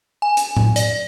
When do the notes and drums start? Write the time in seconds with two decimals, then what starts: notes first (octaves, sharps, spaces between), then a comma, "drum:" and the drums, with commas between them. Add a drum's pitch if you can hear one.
0.22 G#5
0.37 drum: hi-hat
0.57 drum: tom A2
0.76 D5, drum: hi-hat